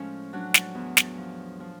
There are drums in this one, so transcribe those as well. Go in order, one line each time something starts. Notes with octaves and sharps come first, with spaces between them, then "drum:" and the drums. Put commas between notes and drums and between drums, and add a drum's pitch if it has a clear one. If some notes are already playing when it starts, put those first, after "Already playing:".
Already playing: A2 F3 G#3 C#4
F#3 D4
drum: snare
E2
drum: snare
F3
F3